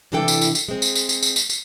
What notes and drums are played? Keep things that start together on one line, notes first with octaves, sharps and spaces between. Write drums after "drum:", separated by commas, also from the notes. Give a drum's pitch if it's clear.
C3 E3 D4 E4 A4 G5
drum: tambourine
drum: tambourine
drum: tambourine
G#3 C4
drum: tambourine
drum: tambourine
drum: tambourine
drum: tambourine
drum: tambourine
drum: tambourine